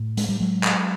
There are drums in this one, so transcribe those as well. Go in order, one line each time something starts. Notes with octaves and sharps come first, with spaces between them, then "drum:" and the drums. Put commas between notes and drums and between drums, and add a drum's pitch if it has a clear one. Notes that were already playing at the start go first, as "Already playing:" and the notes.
Already playing: A2
G#3, drum: hi-hat
G3
F#3 G#3
drum: clap